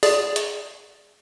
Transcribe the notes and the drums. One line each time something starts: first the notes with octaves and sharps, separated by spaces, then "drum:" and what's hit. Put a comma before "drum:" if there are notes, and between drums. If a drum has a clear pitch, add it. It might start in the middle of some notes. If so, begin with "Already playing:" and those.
G#4 D5, drum: open hi-hat
drum: hi-hat